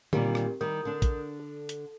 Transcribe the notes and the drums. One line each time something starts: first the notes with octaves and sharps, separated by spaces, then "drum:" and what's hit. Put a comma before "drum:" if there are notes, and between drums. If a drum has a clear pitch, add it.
A#2 D#3 G3 C4 G4 A#4, drum: tom D3
drum: rim click
D#3 G3 A#4 D#6 G6
D3 D4
drum: kick A#1, hi-hat
A4
drum: hi-hat